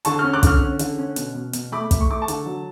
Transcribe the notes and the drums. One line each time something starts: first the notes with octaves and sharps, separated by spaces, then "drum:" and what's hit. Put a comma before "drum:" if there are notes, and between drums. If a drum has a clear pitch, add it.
D3 A5 C#6, drum: hi-hat
C#4 C#6 F6
D6 F#6
D3 C#6 F6, drum: kick, hi-hat
C#4
D3, drum: hi-hat
C#4
B2, drum: hi-hat
B2
B2, drum: hi-hat
A3 B5 D6
A3, drum: kick, hi-hat
C#6
A3 D6
A5 C#6
D3, drum: hi-hat
F#3